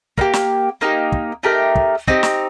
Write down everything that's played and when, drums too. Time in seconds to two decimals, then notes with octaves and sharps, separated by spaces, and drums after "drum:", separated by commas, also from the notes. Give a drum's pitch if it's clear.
0.18 A#3 D#4 G4, drum: kick
0.33 drum: snare
0.81 A#3 D#4 G4
1.12 drum: kick
1.43 A3 D#4 G4 A#4
1.75 drum: kick
2.07 C4 D#4 G4, drum: kick
2.23 drum: snare